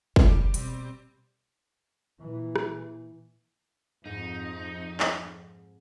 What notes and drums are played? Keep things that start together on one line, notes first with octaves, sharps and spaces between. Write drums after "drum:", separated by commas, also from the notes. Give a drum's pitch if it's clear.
A2 G3 G4, drum: kick
B2 G3 C4, drum: hi-hat
A#2 E3
drum: rim click
F2 G#2 D#4
drum: clap